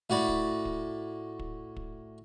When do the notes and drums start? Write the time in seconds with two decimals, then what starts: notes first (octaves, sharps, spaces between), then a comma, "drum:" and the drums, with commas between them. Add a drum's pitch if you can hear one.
0.10 A2 F#4 D5 B5
0.28 drum: kick
0.65 drum: kick
1.39 drum: kick
1.76 drum: kick